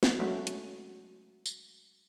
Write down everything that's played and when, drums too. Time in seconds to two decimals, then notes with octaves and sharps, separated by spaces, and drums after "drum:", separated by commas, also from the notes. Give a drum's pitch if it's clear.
0.03 drum: snare
0.19 F#3 G#3 A3 C#4 F#4
0.47 drum: hi-hat
1.46 drum: tambourine